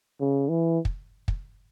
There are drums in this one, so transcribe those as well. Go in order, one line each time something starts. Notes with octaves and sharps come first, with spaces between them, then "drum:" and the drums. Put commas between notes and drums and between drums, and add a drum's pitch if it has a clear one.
C#3
E3
drum: kick
drum: kick